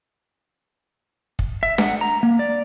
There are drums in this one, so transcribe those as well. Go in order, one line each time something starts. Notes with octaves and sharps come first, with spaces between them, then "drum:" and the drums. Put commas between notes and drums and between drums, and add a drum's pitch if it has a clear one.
drum: kick
E5
F#5, drum: snare D4
A#5
A#3
D5